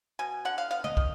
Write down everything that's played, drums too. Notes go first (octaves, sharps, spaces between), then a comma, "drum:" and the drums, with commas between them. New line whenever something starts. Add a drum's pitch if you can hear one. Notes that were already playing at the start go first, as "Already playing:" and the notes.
B2 G#5
D3 F#5
F5
B3 F5
D#5, drum: tom
D#3, drum: kick